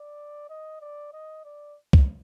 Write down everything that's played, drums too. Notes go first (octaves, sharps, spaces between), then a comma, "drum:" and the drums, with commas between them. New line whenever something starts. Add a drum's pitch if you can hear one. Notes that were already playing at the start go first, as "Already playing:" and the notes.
Already playing: D5
D#5
D5
D#5
D5
drum: kick